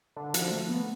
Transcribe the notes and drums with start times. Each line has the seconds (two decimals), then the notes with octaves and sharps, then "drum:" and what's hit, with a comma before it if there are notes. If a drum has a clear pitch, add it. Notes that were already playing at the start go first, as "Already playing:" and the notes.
0.16 D3
0.34 F3, drum: hi-hat
0.51 A3
0.69 B3